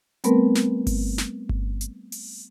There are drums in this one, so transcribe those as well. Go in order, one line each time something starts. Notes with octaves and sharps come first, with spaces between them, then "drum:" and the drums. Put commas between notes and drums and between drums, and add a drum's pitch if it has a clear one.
G3 A3 B3 C4 A#4 B4, drum: hi-hat
drum: snare
drum: kick G1, open hi-hat
drum: snare
drum: kick G1
drum: hi-hat
drum: open hi-hat